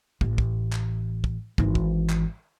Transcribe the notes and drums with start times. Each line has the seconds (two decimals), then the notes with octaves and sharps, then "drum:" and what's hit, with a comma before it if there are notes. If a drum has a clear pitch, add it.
0.21 A1, drum: kick
0.38 drum: kick
0.72 drum: clap
1.24 drum: kick
1.58 G#1 E3, drum: kick
1.75 drum: kick
2.10 drum: clap